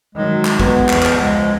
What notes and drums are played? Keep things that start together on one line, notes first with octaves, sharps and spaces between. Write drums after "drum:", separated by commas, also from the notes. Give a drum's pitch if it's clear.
D#3 F#3 G#3
drum: clap
B3, drum: kick
E2, drum: clap
drum: clap
C#2 F3 G#3